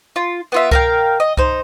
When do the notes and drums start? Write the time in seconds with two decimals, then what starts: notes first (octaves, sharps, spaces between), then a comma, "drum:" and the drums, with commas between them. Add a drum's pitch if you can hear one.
0.16 F4
0.52 B3 F4 E5
0.71 A#4 F5 G5, drum: kick C2
1.20 D#5
1.37 D#4 C5, drum: kick C2